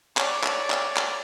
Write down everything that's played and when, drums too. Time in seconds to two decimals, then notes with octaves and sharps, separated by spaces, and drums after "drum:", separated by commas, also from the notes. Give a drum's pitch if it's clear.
0.17 C#5 D5, drum: clap
0.44 drum: clap
0.70 drum: clap
0.97 drum: clap